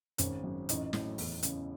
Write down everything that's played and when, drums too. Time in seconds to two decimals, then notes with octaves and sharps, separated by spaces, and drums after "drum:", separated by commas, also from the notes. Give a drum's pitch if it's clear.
0.18 G#1 C#4, drum: hi-hat
0.44 F#2
0.69 A1 D#4, drum: hi-hat
0.93 A2, drum: snare
1.18 E2, drum: open hi-hat
1.43 C#3, drum: hi-hat